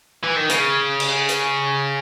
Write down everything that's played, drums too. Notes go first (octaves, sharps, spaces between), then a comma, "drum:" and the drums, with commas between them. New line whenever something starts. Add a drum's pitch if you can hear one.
E3
D#3
C#3, drum: hi-hat
drum: cymbal
drum: hi-hat